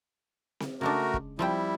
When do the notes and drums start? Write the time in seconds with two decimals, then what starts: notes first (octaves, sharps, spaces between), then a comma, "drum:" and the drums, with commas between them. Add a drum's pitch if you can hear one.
0.60 drum: snare C4
0.81 C#3 G#3 A3 D4 F#4 A#4
1.14 drum: kick
1.39 F3 G3 C4 E4 G5